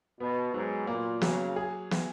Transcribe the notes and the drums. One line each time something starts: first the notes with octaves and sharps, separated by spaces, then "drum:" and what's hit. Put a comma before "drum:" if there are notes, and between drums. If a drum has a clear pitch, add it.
B2 B3
G#2 F#3
A#2 A#3
C#3 F#3, drum: snare
G#4
drum: snare